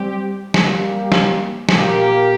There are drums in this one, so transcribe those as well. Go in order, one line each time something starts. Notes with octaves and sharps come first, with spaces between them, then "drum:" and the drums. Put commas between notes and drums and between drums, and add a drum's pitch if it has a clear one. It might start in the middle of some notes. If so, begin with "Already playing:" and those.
Already playing: G3 C4 G4
G3 A#3 G4, drum: snare
drum: snare
A#2 A#3 G4, drum: snare